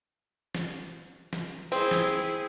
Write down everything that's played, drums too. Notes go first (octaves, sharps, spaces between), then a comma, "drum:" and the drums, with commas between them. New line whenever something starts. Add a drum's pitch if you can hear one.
drum: snare
drum: snare
C4 E4 G#4
drum: snare